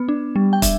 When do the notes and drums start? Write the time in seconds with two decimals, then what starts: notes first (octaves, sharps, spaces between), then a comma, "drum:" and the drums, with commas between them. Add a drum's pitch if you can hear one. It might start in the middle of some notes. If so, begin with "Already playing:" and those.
Already playing: B3
0.08 D4
0.36 G3
0.53 G5
0.62 D4 E5, drum: kick, hi-hat